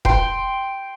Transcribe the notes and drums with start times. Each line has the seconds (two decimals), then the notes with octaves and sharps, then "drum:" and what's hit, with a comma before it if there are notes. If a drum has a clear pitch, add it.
0.05 G5 C6, drum: kick E1